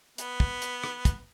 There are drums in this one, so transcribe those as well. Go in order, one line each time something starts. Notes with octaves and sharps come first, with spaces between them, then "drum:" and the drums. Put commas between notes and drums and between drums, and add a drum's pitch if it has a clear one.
B3, drum: hi-hat
drum: kick
drum: hi-hat
drum: rim click
drum: kick, hi-hat